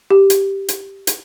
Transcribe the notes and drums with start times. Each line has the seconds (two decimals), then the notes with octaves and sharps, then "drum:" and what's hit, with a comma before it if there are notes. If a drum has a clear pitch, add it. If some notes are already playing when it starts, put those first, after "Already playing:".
0.10 G4
0.30 drum: hi-hat
0.68 drum: hi-hat
1.07 drum: hi-hat